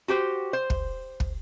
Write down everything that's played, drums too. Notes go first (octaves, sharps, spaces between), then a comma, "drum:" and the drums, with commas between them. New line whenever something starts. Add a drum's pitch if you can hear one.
F#4 G4 C5
C5
drum: kick
drum: kick